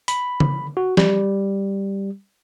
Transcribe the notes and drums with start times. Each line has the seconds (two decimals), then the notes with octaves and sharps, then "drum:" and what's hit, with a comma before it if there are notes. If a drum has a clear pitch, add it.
0.08 B5, drum: hi-hat
0.40 drum: tom C#3
0.77 F#4
0.97 G3, drum: snare F3